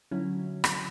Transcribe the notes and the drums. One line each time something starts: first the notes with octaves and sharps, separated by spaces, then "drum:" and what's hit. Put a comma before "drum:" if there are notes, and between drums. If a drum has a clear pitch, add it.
D3 F#3 C#4 E4
drum: rim click